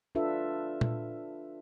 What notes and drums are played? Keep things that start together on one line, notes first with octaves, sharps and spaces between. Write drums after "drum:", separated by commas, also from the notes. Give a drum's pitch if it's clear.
D4 F4 A4 B4 E5
drum: tom A#2